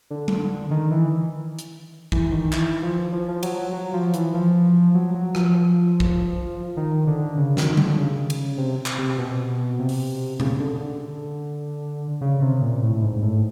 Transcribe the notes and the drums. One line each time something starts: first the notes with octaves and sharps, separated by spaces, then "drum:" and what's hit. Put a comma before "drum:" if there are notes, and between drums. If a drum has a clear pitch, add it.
D3
drum: tom F#3
D#3
E3
drum: hi-hat
E3, drum: kick
D#3
E3, drum: clap
F3
F3
F3
F#3, drum: cymbal
F#3
F#3
F3
E3, drum: hi-hat
F3
F#3
F#3
F3, drum: rim click
drum: kick
D#3
D3
C#3
D#3, drum: snare
D3, drum: tom F#3
C#3
drum: cymbal
C3
drum: clap
C3
B2
C3
drum: open hi-hat
C#3, drum: tom A#2
D3
D3
C#3
C3
A#2
A2
G#2
A2